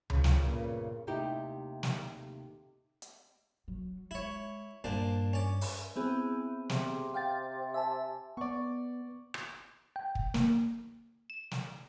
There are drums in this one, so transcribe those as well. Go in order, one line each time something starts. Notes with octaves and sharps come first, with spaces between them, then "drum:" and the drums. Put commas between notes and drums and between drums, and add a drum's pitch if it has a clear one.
C#3 F3, drum: tom C#2
drum: snare
G2 A#2 C#3 B3
D#2 C3 A3 D#4 E4 G4
drum: snare
drum: hi-hat
F#3
G#3 E4 C#5
G2 A#2 D4 C5
C#4 D5
drum: open hi-hat
B3 C4 E4 G#4
C3, drum: snare
F5 G5 A6
E5 G#5 A5
B3 D5 C#6
drum: rim click
G5
drum: kick
A#3, drum: snare
E7
drum: snare